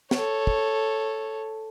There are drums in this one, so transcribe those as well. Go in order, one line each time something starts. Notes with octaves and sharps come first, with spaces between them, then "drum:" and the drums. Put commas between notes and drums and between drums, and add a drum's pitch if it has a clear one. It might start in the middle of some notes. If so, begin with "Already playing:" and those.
A4 C#5, drum: snare
drum: kick